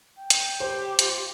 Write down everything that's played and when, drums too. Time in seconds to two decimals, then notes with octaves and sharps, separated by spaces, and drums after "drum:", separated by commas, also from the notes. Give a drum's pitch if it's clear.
0.19 G5
0.30 drum: hi-hat
0.60 G4 C5
0.99 F4, drum: hi-hat